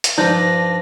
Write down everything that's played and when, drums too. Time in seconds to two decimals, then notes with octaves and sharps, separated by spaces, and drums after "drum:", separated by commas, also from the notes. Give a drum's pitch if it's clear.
0.04 drum: hi-hat
0.18 G2 F3 D4 D#4 D5 G6 A#6